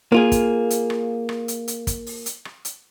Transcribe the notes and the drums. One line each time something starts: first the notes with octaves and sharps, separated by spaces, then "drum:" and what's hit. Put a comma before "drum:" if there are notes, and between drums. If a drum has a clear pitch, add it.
A#3 F4 G#4
drum: kick, hi-hat
drum: hi-hat
drum: rim click
drum: rim click
drum: hi-hat
drum: hi-hat
drum: kick, hi-hat
drum: open hi-hat
drum: hi-hat
drum: rim click
drum: hi-hat